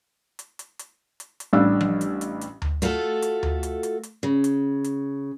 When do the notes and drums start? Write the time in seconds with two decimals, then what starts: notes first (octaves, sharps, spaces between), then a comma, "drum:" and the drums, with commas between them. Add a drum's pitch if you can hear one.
0.39 drum: hi-hat
0.59 drum: hi-hat
0.79 drum: hi-hat
1.20 drum: hi-hat
1.40 drum: hi-hat
1.53 A1 G3 D4 F5 E6
1.81 drum: tom F3
2.01 drum: hi-hat
2.21 drum: hi-hat
2.41 drum: hi-hat
2.62 drum: tom D2
2.82 A3 F4 F#4 A4, drum: hi-hat
3.22 drum: hi-hat
3.43 drum: tom D2
3.63 drum: hi-hat
3.83 drum: hi-hat
4.03 drum: hi-hat
4.23 C#3
4.44 drum: hi-hat
4.84 drum: hi-hat